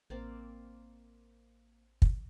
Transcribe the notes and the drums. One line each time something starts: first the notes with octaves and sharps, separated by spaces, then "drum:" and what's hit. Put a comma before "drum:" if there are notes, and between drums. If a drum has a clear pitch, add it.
A1 A#3 C4 D5
drum: kick